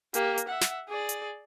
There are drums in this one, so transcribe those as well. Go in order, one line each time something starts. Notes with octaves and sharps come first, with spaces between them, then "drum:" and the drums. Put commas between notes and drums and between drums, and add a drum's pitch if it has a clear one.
A#3 G4, drum: hi-hat
drum: hi-hat
E5 F#5
drum: snare
G#4 D5
drum: hi-hat